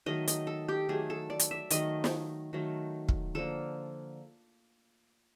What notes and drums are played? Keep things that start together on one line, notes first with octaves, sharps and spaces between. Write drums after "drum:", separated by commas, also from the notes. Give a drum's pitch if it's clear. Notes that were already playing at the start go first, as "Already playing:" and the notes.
D#3 F#3 A3 D#5
D#5, drum: hi-hat
A4
G4
D#3 F#3 A3 G#4
A4
D5
drum: hi-hat
E5
D#3 F#3 A3 D#5, drum: hi-hat
drum: snare
D#3 F#3 A3
drum: kick
D3 F3 A#3 A4